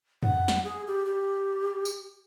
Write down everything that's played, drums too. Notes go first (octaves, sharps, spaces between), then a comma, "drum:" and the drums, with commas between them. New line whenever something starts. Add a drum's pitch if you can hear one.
F#5, drum: tom
drum: snare
G#4
G4
G4
drum: tambourine